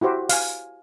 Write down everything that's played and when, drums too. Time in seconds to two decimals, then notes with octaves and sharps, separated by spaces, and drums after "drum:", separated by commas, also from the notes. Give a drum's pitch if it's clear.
0.01 E4 F#4 G4 C5
0.29 F5 G#5, drum: open hi-hat